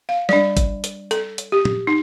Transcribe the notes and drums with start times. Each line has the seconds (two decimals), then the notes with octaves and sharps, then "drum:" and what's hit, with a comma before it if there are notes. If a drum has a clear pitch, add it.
0.09 F5
0.29 G3 D4 D5, drum: snare
0.57 drum: kick G#1, hi-hat
0.84 drum: hi-hat
1.11 A4, drum: hi-hat
1.38 drum: hi-hat
1.52 G4
1.65 drum: tom
1.87 D#4